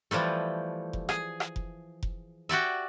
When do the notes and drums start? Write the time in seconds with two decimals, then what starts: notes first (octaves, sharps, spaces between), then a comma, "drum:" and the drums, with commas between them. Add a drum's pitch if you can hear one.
0.11 E3 F3 G3 A3
0.93 drum: kick F1
1.09 G#4, drum: rim click
1.40 drum: rim click
1.56 drum: kick F1
2.03 drum: kick F1
2.49 F#4 G4 D5 E5